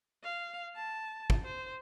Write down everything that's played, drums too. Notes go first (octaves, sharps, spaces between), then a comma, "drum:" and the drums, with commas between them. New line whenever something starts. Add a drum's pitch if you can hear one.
F5
A5
drum: kick
C5